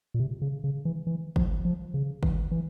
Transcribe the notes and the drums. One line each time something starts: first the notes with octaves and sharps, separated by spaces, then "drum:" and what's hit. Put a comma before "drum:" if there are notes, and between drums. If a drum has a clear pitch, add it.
A#2
C3
C#3
C#3
E3
E3
F3, drum: kick
F3
C#3
E3, drum: kick
E3